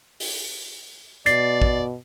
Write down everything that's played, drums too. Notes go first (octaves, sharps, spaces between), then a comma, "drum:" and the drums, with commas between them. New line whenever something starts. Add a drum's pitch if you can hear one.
drum: open hi-hat
B2 D5 A6 C7, drum: hi-hat
drum: kick